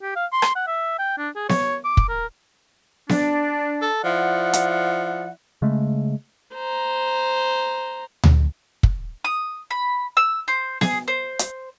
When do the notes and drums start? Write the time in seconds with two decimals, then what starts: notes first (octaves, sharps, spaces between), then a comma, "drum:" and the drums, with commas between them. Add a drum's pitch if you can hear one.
0.02 G4
0.16 F5
0.32 C6
0.42 drum: rim click
0.56 F#5
0.68 E5
0.99 G5
1.18 D4
1.36 G#4
1.49 C#5, drum: snare B3
1.85 D6
1.97 drum: kick
2.09 A#4
3.09 D4, drum: snare B3
3.82 A4
4.04 F3 E4 D5 F#5
4.53 drum: hi-hat
5.62 C#3 G#3 A3
6.55 C5 A#5
8.24 drum: tom D2
8.83 drum: kick
9.24 D#6
9.71 B5
10.17 E6
10.48 C5
10.81 G#4, drum: snare B3
11.08 C5
11.39 drum: hi-hat